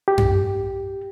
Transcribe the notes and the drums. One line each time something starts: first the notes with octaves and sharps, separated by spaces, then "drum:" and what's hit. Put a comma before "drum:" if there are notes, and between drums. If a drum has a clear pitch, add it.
G4
drum: tom F#2